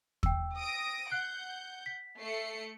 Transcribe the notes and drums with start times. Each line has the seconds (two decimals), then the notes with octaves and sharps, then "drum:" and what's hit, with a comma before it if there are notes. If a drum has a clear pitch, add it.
0.23 G5 E6, drum: kick
0.58 D#6 A#6 D7
1.12 F#5 F#6 G6 C7
1.86 B6
2.20 A3 C7 C#7